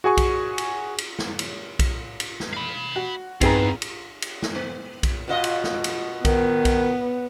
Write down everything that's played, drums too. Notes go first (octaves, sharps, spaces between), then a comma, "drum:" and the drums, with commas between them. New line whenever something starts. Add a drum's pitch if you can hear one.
F#4 G#4 G#5 C#6
drum: kick B1, cymbal
drum: cymbal
drum: cymbal
drum: snare
drum: cymbal
drum: kick B1, cymbal
drum: cymbal
drum: snare
F5 B5
F#4
E2 G2 C4 D#4 G#4 B4 A#5 C7, drum: kick B1, cymbal
drum: cymbal
drum: cymbal
drum: snare
B3
drum: kick B1, cymbal
B2 F4 D#5
drum: cymbal
drum: snare
drum: cymbal
D#3 B3, drum: kick B1, cymbal
drum: kick B1, cymbal